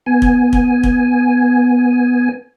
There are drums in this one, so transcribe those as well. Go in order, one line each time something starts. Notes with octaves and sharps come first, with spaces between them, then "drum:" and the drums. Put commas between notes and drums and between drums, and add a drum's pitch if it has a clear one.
B3 G#5
drum: kick
drum: kick
drum: kick